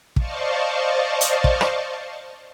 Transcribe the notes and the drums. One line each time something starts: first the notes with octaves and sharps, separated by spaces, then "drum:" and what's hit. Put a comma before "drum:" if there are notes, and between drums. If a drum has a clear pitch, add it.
C5 D5 D#5 F5 A5 C#6, drum: kick
drum: hi-hat
drum: kick
drum: rim click